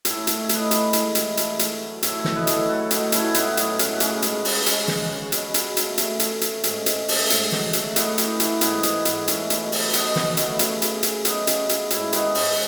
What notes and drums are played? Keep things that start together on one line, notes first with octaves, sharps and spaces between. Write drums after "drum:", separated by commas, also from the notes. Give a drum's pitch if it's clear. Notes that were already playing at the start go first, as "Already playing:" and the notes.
A2 A4 C#5, drum: hi-hat
A2, drum: hi-hat
C#5 E5
A2, drum: hi-hat
B4 D#5
E3, drum: hi-hat
G#3, drum: hi-hat
A2, drum: hi-hat
A3, drum: hi-hat
A3, drum: hi-hat
F#3
A2 C#5 E5, drum: hi-hat
C#5 E5
A2, drum: snare
B4 D#5
A2, drum: hi-hat
A4 C#5
F#3 F#4 A4
A2 D#4 F#4, drum: hi-hat
A2 C#4 E4, drum: hi-hat
A2 B3 D#4, drum: hi-hat
F#3, drum: hi-hat
A2 C#4, drum: hi-hat
C#3 C#4, drum: hi-hat
G#3, drum: hi-hat
C#3, drum: open hi-hat
G#3 C#4, drum: hi-hat
G#3, drum: snare
C#3
B2, drum: hi-hat
B2, drum: hi-hat
A3, drum: hi-hat
A3, drum: hi-hat
A3, drum: hi-hat
A3, drum: hi-hat
G#2 C#4, drum: hi-hat
G#2, drum: hi-hat
A3, drum: open hi-hat
G#2, drum: hi-hat
F#3, drum: snare
A3, drum: hi-hat
A3 B3 D#4, drum: hi-hat
E3, drum: hi-hat
E3, drum: hi-hat
G#2 B3, drum: hi-hat
G#2, drum: hi-hat
G#2, drum: hi-hat
A3 C#4, drum: hi-hat
B2, drum: hi-hat
F#3, drum: open hi-hat
B2 B3 D#4, drum: hi-hat
B2 C#4, drum: snare
A3 C#4, drum: hi-hat
C#3, drum: hi-hat
C#3, drum: hi-hat
C#3, drum: hi-hat
F#3 B3 D#4, drum: hi-hat
C#3, drum: hi-hat
C#3, drum: hi-hat
G#2 C#4 E4, drum: hi-hat
D#3 B3 D#4, drum: hi-hat
G#2 C#4, drum: open hi-hat